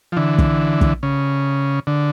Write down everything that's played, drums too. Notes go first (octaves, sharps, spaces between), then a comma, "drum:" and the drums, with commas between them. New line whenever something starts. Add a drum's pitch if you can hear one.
F3
D3 E3
drum: kick
drum: kick
C#3
D3